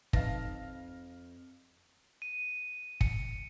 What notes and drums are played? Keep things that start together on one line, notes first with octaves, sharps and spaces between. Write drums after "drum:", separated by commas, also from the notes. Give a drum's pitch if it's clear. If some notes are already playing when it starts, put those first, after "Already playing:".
F2 D#4 B4 F5 A5 A#6, drum: kick
D#7
C#7, drum: kick